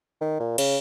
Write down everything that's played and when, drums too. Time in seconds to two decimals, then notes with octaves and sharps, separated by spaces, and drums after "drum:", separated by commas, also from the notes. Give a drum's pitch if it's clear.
0.21 D#3
0.40 A#2
0.58 C#3, drum: cymbal